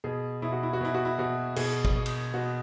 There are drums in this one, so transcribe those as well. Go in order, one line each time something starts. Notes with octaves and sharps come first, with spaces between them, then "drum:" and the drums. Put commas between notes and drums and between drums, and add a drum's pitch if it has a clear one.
B2 G#4
B2 E4
F#4
E4
F#4
B2 E4
F#4
E4
B2 F#4
B2 G#4, drum: cymbal
drum: kick G#1
B2
drum: cymbal
B2 F#4